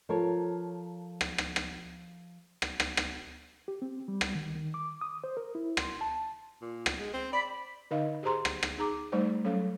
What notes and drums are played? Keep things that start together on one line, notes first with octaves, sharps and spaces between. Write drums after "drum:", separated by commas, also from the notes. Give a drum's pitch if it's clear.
F3 A4 A#4 C#5
drum: rim click
drum: rim click
drum: rim click
drum: rim click
drum: rim click
drum: rim click
G4
C4
G3
drum: rim click
D#3
D#3
D6
D#6
C5
A#4
E4
C6, drum: rim click
A5
A#2
drum: rim click
G#3
C4
D5 B5
D3 D#4 D#5 F5
G4 G#4 C5 A#5 C6
drum: rim click
drum: rim click
D#4 G#4 A#5 D6
G3 A3 D#4 C5
F#3 C#4 A4 F5